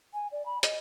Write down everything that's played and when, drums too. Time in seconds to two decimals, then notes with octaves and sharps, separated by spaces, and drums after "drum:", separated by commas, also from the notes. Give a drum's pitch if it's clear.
0.14 G#5
0.32 D5
0.46 B5
0.63 D#5, drum: hi-hat